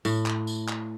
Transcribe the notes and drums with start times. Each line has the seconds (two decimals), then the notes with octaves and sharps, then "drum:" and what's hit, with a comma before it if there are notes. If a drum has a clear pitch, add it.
0.05 A2, drum: tambourine
0.26 drum: clap
0.47 drum: tambourine
0.68 drum: clap